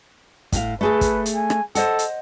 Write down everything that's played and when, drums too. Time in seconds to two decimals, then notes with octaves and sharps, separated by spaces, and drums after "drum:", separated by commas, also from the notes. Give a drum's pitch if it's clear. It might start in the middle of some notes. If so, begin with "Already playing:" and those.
0.52 A2 F5, drum: kick, hi-hat
0.81 A3 G#4 A4 B4
1.01 drum: kick, hi-hat
1.26 drum: hi-hat
1.35 G#5
1.50 drum: rim click
1.75 A4 C5 D#5 F#5, drum: hi-hat
1.99 drum: hi-hat